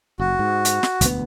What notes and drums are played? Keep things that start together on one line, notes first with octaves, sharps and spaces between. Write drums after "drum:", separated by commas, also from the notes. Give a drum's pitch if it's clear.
F#1 F#4
G#2
drum: hi-hat
drum: snare
E1 D2 B3, drum: kick, hi-hat